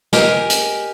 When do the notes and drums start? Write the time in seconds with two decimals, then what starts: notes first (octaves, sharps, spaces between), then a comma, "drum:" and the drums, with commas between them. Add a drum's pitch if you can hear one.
0.13 G4 A#4 D#5 G#5, drum: snare
0.50 drum: hi-hat